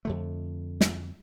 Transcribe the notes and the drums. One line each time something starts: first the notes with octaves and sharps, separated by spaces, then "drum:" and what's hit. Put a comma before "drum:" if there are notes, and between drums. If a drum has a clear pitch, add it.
F2 D3 A3
drum: snare